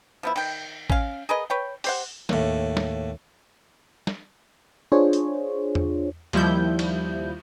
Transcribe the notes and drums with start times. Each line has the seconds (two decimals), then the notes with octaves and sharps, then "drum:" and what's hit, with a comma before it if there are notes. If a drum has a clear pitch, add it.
0.23 F3 B3 E4
0.36 D#3 G5, drum: cymbal
0.90 C#4 F5, drum: kick A1
1.29 G#4 A#4 B4 D#5
1.50 B4 C#5 G5
1.84 G4 C5 F#5, drum: open hi-hat
2.29 D#2 A2, drum: snare
2.77 drum: snare
4.07 drum: snare
4.92 D4 F4 G#4 C5 C#5
5.13 drum: hi-hat
5.75 drum: tom E2
6.33 D#2 F3 G3 E4 G6, drum: cymbal
6.79 drum: cymbal